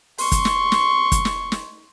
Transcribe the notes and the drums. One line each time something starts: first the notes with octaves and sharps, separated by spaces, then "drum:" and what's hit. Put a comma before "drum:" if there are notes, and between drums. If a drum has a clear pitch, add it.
C6 C#6, drum: open hi-hat
drum: kick, hi-hat
drum: snare
drum: snare
drum: kick, hi-hat
drum: snare
drum: snare